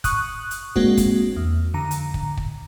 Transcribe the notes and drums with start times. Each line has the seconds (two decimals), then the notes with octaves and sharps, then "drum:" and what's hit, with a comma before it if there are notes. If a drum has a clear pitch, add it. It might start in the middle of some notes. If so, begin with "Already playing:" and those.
0.04 C#6 D#6 F#6, drum: kick, hi-hat
0.51 drum: hi-hat
0.76 G#3 A#3 C4 D4 F#4, drum: kick
0.97 drum: kick, hi-hat
1.36 E2
1.74 F2 D3 A#5
1.91 drum: hi-hat
2.14 drum: kick
2.37 drum: kick